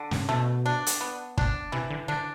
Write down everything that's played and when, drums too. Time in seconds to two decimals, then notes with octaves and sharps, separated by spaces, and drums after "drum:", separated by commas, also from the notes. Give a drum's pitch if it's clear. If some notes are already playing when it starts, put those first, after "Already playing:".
Already playing: D3
0.11 G2, drum: snare
0.29 B2 A3
0.66 D4
0.87 drum: hi-hat
1.01 B3
1.38 D4, drum: kick
1.72 C3 E3
1.90 D3
2.08 D3 D4